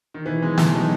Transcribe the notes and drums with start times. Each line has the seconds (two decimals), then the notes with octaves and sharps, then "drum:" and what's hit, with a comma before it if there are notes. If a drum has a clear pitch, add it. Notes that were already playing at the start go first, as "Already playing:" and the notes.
0.14 D#3
0.26 B2 E3
0.42 F#3 G#3 B3 D#4
0.58 B2 A3, drum: snare
0.74 F#3 G#3 B3 D#4